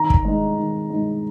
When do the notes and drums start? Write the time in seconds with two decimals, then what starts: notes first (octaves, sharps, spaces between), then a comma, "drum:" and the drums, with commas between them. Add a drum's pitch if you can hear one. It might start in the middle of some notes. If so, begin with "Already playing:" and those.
Already playing: D#3 A#5
0.10 drum: kick
0.25 G#3 D#4
0.58 D#3
0.90 G#3 D#4